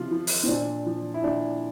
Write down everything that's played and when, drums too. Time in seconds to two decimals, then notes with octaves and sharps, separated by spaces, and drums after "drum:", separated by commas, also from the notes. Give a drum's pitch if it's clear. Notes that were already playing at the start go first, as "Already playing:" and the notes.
Already playing: C3 F3 F4
0.11 F3
0.27 drum: open hi-hat
0.44 C4
0.48 A#2 D4
0.86 F3
1.14 E4
1.24 A#2 D4